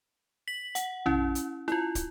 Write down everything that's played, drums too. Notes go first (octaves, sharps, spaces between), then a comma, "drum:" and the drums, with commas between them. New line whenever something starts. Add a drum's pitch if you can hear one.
B6 F#7
F#5, drum: hi-hat
C#4 E4, drum: tom A#1
drum: hi-hat
E4 F4, drum: snare F4
drum: kick, hi-hat